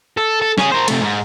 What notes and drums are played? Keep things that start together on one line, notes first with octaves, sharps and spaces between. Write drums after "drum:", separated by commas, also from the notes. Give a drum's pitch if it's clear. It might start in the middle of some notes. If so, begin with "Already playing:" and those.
A4
A4
C#4 G#4, drum: snare
A#4 C5
C3 A3, drum: cymbal
G#2